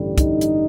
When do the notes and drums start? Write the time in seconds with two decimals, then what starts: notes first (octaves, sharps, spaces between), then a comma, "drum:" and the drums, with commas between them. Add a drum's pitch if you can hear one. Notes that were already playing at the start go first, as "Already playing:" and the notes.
Already playing: A1 G2 D3 G3
0.18 D#4, drum: kick, hi-hat
0.41 drum: hi-hat